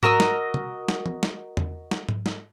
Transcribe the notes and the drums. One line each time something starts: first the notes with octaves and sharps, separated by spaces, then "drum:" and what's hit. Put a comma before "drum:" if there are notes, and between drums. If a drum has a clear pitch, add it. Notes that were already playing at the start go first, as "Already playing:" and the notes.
F#4 A#4 D#5 E6, drum: tom G#2
drum: snare
drum: tom C3
drum: snare
drum: tom
drum: snare
drum: tom E2
drum: snare
drum: tom G#2
drum: snare